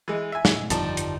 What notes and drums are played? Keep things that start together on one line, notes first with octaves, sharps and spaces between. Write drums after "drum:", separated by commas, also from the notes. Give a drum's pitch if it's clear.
E3 G#3
E5 G#5
G#2 B2, drum: snare
G1 F2 D#3 F3 G3 D#4 A5, drum: hi-hat
drum: hi-hat